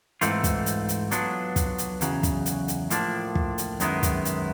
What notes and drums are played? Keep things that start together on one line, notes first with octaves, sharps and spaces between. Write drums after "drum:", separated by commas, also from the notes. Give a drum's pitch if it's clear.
G#2 E3 A3 C4 F4, drum: hi-hat
drum: kick, hi-hat
drum: hi-hat
drum: hi-hat
F#3 B3 D4 F4, drum: hi-hat
drum: kick, hi-hat
drum: hi-hat
E2 C#3 F#3, drum: hi-hat
drum: kick, hi-hat
drum: hi-hat
drum: hi-hat
A2 F3 A#3 D4, drum: hi-hat
drum: kick
drum: hi-hat
F#2 D#3 G#3 B3 E4, drum: hi-hat
drum: kick, hi-hat
drum: hi-hat